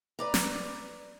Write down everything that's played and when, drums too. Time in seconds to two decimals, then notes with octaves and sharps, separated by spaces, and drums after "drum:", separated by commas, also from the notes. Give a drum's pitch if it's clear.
0.19 B4 D5 A#5
0.34 drum: snare